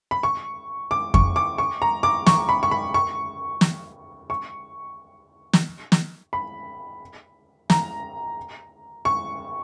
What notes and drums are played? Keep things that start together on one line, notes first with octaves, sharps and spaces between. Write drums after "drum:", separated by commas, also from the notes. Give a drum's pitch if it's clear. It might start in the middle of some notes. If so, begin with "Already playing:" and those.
B5
C#6
D6
C#6, drum: kick F2
D6
C#6
A#5
D6
C#6, drum: snare
B5
C#6
B5
C#6
drum: snare
C#6
drum: snare
drum: snare
B5
A#5, drum: snare
C#6